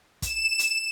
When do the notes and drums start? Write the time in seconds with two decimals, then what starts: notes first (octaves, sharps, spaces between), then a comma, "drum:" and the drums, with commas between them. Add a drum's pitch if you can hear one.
0.22 E7, drum: kick, hi-hat
0.59 drum: hi-hat